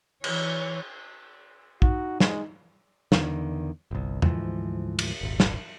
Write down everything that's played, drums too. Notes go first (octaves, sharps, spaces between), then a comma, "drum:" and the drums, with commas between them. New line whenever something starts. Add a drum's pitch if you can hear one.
E3 C#5, drum: cymbal
D#4 F#4, drum: kick
G#3, drum: snare
E2 D3 D#3, drum: snare
G1 C2
D2 G#2 E3 F3, drum: tom E2
drum: cymbal
D#1 G#1
drum: snare